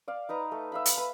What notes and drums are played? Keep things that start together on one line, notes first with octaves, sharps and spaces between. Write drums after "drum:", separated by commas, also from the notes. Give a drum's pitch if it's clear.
D5 F5
D#4 B4 A#5
A3
E5 F5 B5
drum: hi-hat
B4 B5